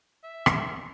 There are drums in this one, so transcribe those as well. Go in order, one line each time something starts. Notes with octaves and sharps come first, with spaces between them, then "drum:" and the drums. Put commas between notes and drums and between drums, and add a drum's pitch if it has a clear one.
E5
drum: rim click